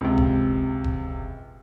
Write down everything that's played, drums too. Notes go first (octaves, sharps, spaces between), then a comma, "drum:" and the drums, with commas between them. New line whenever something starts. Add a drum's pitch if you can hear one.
C#2 C3
drum: kick F#1
drum: kick F#1